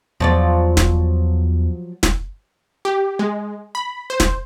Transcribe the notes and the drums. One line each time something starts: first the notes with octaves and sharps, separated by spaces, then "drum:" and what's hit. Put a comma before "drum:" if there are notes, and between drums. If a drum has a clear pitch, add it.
E2 F3 F#3 D5
drum: snare
drum: snare
G4
G#3
B5
C5
drum: snare